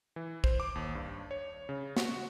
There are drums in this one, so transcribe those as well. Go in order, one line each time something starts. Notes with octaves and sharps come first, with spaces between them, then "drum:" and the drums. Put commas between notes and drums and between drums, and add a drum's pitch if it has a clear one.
E3
C5, drum: kick
D6
D#2
G2
C#5
C#3
F#4, drum: snare